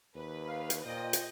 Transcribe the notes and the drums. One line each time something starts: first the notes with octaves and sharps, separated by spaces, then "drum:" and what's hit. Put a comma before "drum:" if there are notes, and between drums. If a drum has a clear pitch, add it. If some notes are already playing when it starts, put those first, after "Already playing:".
D#2 B4
F5
drum: hi-hat
A#2 F4 C5 D#5 G5
drum: hi-hat